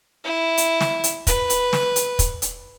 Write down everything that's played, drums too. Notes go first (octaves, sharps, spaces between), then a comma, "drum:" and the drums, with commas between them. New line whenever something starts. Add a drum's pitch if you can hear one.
E4
drum: hi-hat
drum: snare
drum: hi-hat
B4, drum: kick, hi-hat
drum: hi-hat
drum: snare
drum: hi-hat
drum: kick, hi-hat
drum: hi-hat